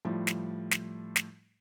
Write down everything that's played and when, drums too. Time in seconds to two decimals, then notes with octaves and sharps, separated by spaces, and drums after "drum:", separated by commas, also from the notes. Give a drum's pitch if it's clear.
0.05 A2 F3 G3
0.27 drum: snare
0.71 drum: snare
1.16 drum: snare